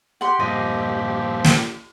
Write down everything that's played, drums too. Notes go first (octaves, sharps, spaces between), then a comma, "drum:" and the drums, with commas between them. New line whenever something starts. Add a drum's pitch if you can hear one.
G4 F#5 C6
G2 A#2 F3 D#5
drum: snare